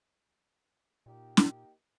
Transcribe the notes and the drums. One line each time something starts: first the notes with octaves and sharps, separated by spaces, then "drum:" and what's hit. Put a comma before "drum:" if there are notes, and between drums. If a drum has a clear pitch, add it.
A#2 A#3 D#4 G4
drum: snare